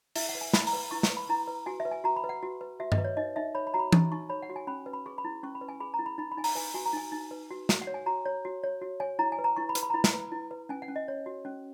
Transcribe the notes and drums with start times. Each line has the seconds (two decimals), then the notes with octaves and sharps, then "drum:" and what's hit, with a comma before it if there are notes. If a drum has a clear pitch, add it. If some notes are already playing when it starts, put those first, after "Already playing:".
0.16 E4 E5, drum: open hi-hat
0.29 F#5
0.35 B4
0.41 G#5
0.54 E4 B5, drum: snare
0.67 A#5, drum: open hi-hat
0.73 B4
0.91 E4 C#6
1.03 C#6, drum: snare
1.10 B4
1.17 B5
1.29 E4 A#5
1.47 B4
1.66 F#4 G#5
1.80 E5
1.85 B4
1.91 G#5
2.04 F#4 A#5
2.16 B5
2.24 B4
2.29 F#5
2.43 F#4
2.61 B4
2.80 F#4 E5
2.92 D#5, drum: tom G2
2.98 B4
3.04 C#5
3.17 D#4 D#5
3.36 D#4 E5
3.55 C#5 B5
3.67 B5
3.74 F#4 A#5
3.79 B5
3.93 D#4 C#6, drum: tom E3
4.12 D#4 C#6
4.30 C#5 B5
4.42 F#5
4.50 F#4
4.56 G#5
4.67 C#4 B5
4.86 B4
4.93 B5
5.06 G#4 C#6
5.18 B5
5.25 E4
5.43 C#4 C#6
5.55 B5
5.61 B4
5.68 G#5
5.80 G#4 B5
5.94 A#5
5.99 E4
6.06 B5
6.18 D#4 B5
6.31 B5
6.37 D#4 G#5
6.44 A#5, drum: open hi-hat
6.55 B4 G#5
6.74 F#4 G#5
6.86 A#5
6.93 D#4 G#5
7.12 D#4
7.31 B4
7.51 F#4
7.69 F#4, drum: snare
7.82 F#5
7.87 C#5
7.94 G#5
8.06 F#4 A#5
8.26 C#5
8.45 F#4
8.64 C#5
8.81 F#4
9.00 C#5 G#5
9.19 E4 A#5
9.32 G#5
9.39 B4
9.44 A#5
9.56 E4 C#6
9.69 B5
9.75 B4, drum: hi-hat
9.83 B5
9.90 A#5
9.94 E4 B5
10.04 drum: snare
10.13 B4
10.32 E4
10.51 B4
10.69 C#4 G#5
10.82 F#5
10.88 C#4
10.96 D#5
11.08 C#5
11.26 F#4
11.45 C#4